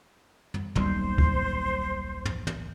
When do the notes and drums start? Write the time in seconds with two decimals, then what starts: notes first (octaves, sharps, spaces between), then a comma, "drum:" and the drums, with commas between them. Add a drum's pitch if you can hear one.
0.54 drum: tom
0.75 D#1 B1 G3 C5, drum: tom
1.18 drum: kick
2.25 drum: tom
2.47 drum: tom